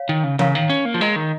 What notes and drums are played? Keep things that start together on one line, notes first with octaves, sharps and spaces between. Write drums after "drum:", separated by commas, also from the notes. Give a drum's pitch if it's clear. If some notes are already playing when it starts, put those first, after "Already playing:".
Already playing: C#5 F5
D#3
C#3
C#3 A#4 C#5 F5 A#5 C#6, drum: tom E3
D#3
C#4
A#3
F3
G#3 A#4 D#5 A#5
D#3